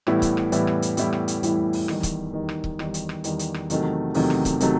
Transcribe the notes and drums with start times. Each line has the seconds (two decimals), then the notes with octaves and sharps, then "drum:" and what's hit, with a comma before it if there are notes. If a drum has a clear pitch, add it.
0.07 A2 E3 G3 B3 E4, drum: rim click
0.22 drum: kick C#1, hi-hat
0.37 drum: rim click
0.52 A2 E3 G3 B3 E4, drum: hi-hat
0.67 drum: rim click
0.82 drum: hi-hat
0.97 A2 E3 G3 B3 E4, drum: hi-hat
1.13 drum: rim click
1.28 drum: hi-hat
1.43 A2 E3 G3 B3 E4, drum: hi-hat
1.73 drum: open hi-hat
1.88 E2 D#3 G3, drum: rim click
2.03 drum: kick C#1, hi-hat
2.34 E2 D#3 G3
2.49 drum: rim click
2.64 drum: kick C#1
2.79 E2 D#3 G3, drum: rim click
2.94 drum: hi-hat
3.09 drum: rim click
3.24 E2 D#3 G3, drum: hi-hat
3.39 drum: hi-hat
3.54 drum: rim click
3.70 E2 C3 D#3 F#3 A3, drum: hi-hat
4.14 E2 C3 D#3 F#3 A3, drum: open hi-hat
4.30 drum: rim click
4.45 drum: kick C#1, hi-hat
4.60 C3 D#3 F#3 A3, drum: hi-hat